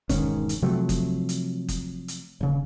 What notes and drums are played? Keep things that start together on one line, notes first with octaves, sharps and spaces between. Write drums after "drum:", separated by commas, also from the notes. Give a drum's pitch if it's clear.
E1 G#2 D#3 C#4, drum: kick F#1, hi-hat
drum: hi-hat
C3 F3 F#3 A3
drum: kick F#1, hi-hat
drum: hi-hat
drum: kick F#1, hi-hat
drum: hi-hat
D#1 C#3